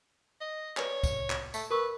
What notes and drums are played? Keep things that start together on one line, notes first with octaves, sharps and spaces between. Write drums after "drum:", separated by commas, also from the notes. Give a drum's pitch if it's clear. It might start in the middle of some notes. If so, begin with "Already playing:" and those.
D#5
B4 C#5 D5 G#5, drum: clap
drum: kick, tambourine
drum: clap
A3, drum: tambourine
A#4 B4 C#6 E6